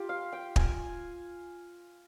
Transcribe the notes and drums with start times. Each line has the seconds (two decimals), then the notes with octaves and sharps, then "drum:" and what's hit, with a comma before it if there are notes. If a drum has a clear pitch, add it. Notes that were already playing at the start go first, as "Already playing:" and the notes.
Already playing: F4 G4
0.09 F5
0.32 G5
0.56 G#5, drum: kick